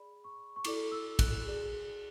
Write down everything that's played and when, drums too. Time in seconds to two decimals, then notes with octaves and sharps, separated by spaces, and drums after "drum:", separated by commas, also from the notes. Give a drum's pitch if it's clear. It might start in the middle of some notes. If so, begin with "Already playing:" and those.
Already playing: G#4 D5 B5
0.24 C#6
0.56 C#6
0.64 E4 A4 D5 D6, drum: cymbal
0.92 E6
1.19 F#6, drum: kick, cymbal
1.45 G#4 D5